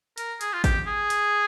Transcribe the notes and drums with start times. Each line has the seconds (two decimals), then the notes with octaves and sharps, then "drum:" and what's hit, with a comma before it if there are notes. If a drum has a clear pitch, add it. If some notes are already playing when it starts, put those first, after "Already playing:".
0.18 A#4, drum: hi-hat
0.41 G#4, drum: hi-hat
0.53 F4
0.64 G4, drum: kick G#1, hi-hat
0.87 G#4
1.10 drum: hi-hat